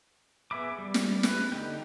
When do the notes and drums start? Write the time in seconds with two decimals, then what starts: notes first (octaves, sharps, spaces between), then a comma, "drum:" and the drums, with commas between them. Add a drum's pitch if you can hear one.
0.51 B3 G#4 E5 B5 D6
0.78 G3
0.94 drum: snare
1.23 B4, drum: snare
1.52 D3 D#4 G4